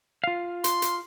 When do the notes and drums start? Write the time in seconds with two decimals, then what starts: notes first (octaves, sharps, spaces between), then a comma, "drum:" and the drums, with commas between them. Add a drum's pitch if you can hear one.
0.24 F4 F5
0.64 C6, drum: hi-hat
0.82 drum: hi-hat